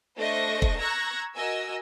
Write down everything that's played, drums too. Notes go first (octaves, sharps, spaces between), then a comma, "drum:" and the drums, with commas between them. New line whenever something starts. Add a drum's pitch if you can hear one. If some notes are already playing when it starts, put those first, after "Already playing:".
A3 D4 C5 D#5 C#6 A#6
drum: kick
A#5 C#6 E6 F#6 G#6 A#6
F#4 A#4 D#5 G#5 E6